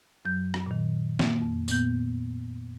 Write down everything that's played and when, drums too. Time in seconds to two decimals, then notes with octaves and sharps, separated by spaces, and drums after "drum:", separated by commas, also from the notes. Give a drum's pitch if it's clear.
0.25 F#2 F#3 G6
0.54 drum: rim click
0.66 A#2 D#3
1.19 A#3, drum: snare
1.42 F2
1.68 A#2 B3 G6, drum: tambourine